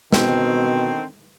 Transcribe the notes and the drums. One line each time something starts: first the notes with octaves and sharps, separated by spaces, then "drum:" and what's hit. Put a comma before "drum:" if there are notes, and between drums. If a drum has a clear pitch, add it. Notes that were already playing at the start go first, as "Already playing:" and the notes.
B2 D3 D#3 C4, drum: snare